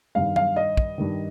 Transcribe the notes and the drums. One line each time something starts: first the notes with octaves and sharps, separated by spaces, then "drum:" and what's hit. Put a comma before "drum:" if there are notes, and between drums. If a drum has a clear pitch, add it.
G2 D#3 F5
F5, drum: tom F#3
D#5
drum: kick
G2 D#3